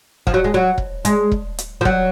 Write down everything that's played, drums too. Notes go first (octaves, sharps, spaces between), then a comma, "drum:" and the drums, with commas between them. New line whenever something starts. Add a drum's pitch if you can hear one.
F3, drum: kick E1
F#3
G#3
F#3
drum: kick E1
G#3, drum: hi-hat
drum: kick E1
drum: hi-hat
F3
F#3, drum: kick E1